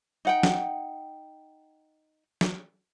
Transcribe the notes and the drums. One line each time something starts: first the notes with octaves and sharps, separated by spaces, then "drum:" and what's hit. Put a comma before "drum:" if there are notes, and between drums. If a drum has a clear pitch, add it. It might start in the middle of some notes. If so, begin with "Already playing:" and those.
D#4 F#5 G5
drum: snare
drum: snare